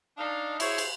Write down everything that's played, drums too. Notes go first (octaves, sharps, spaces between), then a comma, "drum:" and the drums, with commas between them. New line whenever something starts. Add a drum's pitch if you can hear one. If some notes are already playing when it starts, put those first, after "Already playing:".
D4 D#4 F5
E4 G#4 C5 C#5, drum: cymbal
drum: cymbal